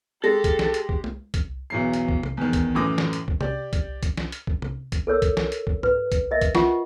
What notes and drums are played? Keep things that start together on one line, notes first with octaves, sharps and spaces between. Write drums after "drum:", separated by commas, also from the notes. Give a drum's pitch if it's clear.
G#3 G4 A4 A#6
drum: kick C2, hi-hat
drum: snare
drum: hi-hat
drum: kick C2
drum: tom
drum: kick C2, hi-hat
B1 E2 F#3 E4 C7
drum: hi-hat
drum: kick C2
drum: tom C3
E2 D#3
drum: kick C2, hi-hat
F#2 A2 E3 D6 D#6 A#6
drum: snare
drum: hi-hat
drum: kick C2
G4 D5, drum: tom C3
drum: kick C2, hi-hat
drum: kick C2, hi-hat
drum: snare
drum: hi-hat
drum: kick C2
drum: tom C3
drum: kick C2, hi-hat
A4 A#4 C#5 E6
drum: kick C2, hi-hat
drum: snare
drum: hi-hat
drum: kick C2
B4, drum: tom G#2
drum: kick C2, hi-hat
A#4 D#5 E5
drum: kick C2, hi-hat
F4 F#5 C#6, drum: snare